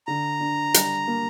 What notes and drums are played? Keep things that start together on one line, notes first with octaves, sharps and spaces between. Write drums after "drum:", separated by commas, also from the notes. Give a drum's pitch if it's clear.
D3 A#5
D4
G3, drum: hi-hat
A#3